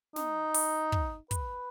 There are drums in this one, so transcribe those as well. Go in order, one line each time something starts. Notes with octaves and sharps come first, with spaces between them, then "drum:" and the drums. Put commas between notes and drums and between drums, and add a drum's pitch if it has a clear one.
D#4, drum: snare
drum: open hi-hat
drum: kick
B4, drum: kick, hi-hat